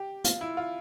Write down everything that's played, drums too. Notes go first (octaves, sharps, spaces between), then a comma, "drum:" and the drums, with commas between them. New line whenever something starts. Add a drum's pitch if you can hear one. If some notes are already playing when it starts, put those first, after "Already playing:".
Already playing: G4
F4, drum: hi-hat
E4
F4